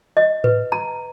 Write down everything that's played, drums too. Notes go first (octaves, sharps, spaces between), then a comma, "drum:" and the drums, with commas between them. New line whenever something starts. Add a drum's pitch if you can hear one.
D#5
B4, drum: tom G#2
A#5